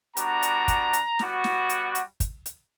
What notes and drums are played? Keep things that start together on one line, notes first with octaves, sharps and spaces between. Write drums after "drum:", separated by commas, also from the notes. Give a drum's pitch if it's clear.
G3 B3 D4 F#4 A#5, drum: hi-hat
drum: hi-hat
drum: kick, hi-hat
drum: hi-hat
G3 B3 F#4, drum: snare
drum: snare
drum: hi-hat
drum: hi-hat
drum: kick, hi-hat
drum: hi-hat